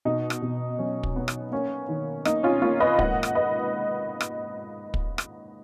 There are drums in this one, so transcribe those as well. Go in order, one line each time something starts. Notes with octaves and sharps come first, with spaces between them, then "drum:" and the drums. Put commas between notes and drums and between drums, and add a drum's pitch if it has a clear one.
B2 D#4
drum: rim click
B2
F#3 C#4
drum: kick
B3
drum: rim click
A#3 C#4
D#3
A#3 D#4, drum: rim click
C#4 F4
A#3 C#4 F4
B4 D#5
G#2 D#5 F#5, drum: kick
drum: rim click
B4 D#5
drum: rim click
drum: kick
drum: rim click